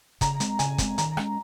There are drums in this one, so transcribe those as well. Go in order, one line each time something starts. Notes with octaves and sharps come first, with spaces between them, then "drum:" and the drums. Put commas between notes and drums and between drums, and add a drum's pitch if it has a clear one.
C#3 A#5, drum: kick, hi-hat
G#3 C4, drum: hi-hat
C#3 G#5, drum: hi-hat
G#3 C4, drum: kick, hi-hat
D#3 A#5, drum: hi-hat
G#3 C#4, drum: rim click